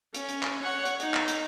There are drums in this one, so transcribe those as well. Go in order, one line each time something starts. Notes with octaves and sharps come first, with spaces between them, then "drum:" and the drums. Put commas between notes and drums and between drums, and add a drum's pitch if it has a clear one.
C#4, drum: hi-hat
drum: hi-hat
drum: clap
C#5 F#5
drum: hi-hat
D#4, drum: hi-hat
drum: clap
drum: hi-hat